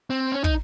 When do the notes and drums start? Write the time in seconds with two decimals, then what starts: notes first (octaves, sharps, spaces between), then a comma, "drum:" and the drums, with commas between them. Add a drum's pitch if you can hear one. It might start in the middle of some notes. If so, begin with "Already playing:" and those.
0.10 C4
0.32 C#4
0.44 D#4, drum: kick